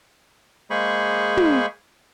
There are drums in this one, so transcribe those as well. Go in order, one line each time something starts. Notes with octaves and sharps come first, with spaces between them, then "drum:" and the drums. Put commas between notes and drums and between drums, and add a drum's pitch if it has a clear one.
G#3 A#3 G#4 C5 B5 C#6
drum: tom